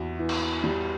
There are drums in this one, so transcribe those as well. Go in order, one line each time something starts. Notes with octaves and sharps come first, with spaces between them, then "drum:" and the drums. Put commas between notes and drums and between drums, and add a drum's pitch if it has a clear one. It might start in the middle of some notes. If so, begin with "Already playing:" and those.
Already playing: E2 E4 F#4
E3
drum: cymbal
G3